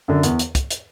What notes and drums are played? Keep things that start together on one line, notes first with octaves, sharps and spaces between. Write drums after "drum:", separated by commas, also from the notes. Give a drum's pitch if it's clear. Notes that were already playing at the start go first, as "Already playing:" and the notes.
F#2 D3
E2, drum: hi-hat
drum: hi-hat
drum: kick, hi-hat
drum: hi-hat